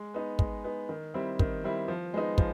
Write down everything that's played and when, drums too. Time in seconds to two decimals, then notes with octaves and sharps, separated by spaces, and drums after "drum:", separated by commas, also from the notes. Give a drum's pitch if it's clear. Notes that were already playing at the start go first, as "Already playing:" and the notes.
Already playing: G#3
0.14 B3 D#4
0.39 G#3, drum: kick
0.64 B3 D#4
0.89 D#3
1.14 G3 C4 E4
1.39 D#3, drum: kick
1.64 G3 C4 E4
1.88 F3
2.14 G#3 B3 D#4
2.38 F3, drum: kick